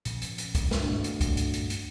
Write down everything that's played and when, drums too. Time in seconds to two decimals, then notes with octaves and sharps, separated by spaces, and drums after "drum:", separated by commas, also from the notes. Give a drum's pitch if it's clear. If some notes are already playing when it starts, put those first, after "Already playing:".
0.05 A#2 F3 C#4, drum: hi-hat
0.22 drum: hi-hat
0.38 drum: hi-hat
0.55 drum: kick, hi-hat
0.71 drum: snare
0.80 D2 G2 A#2
1.04 drum: hi-hat
1.21 drum: kick, hi-hat
1.37 drum: hi-hat
1.54 drum: hi-hat
1.70 drum: hi-hat